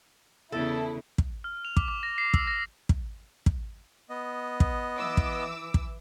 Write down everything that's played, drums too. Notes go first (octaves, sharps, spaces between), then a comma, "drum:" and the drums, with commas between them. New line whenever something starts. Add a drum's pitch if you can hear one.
E2 C#3 E4 A4
drum: kick
F6
F7
D6, drum: kick
D6
A#6
C7
E6, drum: kick
A#6
drum: kick
drum: kick
B3 D#5
drum: kick
E3 D6 E6
drum: kick
drum: kick